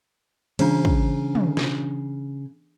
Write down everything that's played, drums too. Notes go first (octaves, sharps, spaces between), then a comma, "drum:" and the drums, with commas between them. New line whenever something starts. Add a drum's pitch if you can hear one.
C#3 E3 D4, drum: cymbal
drum: kick
drum: tom
drum: snare